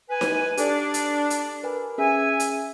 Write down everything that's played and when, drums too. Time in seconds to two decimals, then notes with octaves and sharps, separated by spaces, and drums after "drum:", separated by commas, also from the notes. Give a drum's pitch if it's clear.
0.09 B4 G#5
0.21 drum: snare D#4
0.57 D4 G4 A4 D5, drum: hi-hat
0.94 drum: hi-hat
1.30 drum: hi-hat
1.63 A#4 B4 G#5
1.98 C#4 G#4 E5 G#5
2.40 drum: hi-hat